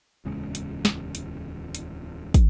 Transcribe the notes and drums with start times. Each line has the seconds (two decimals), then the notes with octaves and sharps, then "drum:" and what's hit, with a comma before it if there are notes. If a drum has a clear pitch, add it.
0.25 D1 E2 C#3 G#3
0.55 drum: hi-hat
0.85 drum: snare
1.15 drum: hi-hat
1.75 drum: hi-hat
2.34 drum: kick, hi-hat